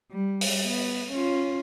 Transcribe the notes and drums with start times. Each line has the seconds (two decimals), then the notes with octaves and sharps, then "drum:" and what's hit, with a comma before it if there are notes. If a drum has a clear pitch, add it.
0.11 G3
0.41 drum: open hi-hat
0.67 B3
1.12 C#4 F4